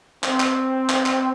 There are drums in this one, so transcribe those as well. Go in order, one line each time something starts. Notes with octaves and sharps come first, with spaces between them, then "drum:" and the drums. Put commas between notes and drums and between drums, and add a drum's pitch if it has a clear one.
C4, drum: clap
drum: clap
drum: clap
drum: clap